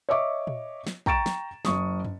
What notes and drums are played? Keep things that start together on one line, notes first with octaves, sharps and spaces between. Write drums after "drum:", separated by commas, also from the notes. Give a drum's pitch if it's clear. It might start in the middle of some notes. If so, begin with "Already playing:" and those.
C#5 D#5 E5 C#6 D6
drum: tom A#2
drum: snare
G5 A#5 C#6 A6 D7 E7, drum: kick
drum: snare
F#1 C#6 D#6, drum: snare
drum: tom